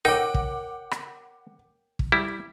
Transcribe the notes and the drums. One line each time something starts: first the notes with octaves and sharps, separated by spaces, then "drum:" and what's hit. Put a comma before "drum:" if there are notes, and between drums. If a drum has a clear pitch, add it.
D#4 A#4 C#5 F#5 G5 D6
drum: kick
drum: rim click
drum: kick
G3 E4